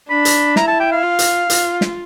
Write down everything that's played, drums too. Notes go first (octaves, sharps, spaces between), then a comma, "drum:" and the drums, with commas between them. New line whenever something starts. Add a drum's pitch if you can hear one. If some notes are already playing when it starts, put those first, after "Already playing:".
D4 B5
drum: hi-hat
E4 A#5, drum: snare
A5
G5
F5
F4
drum: hi-hat
F4, drum: hi-hat
drum: snare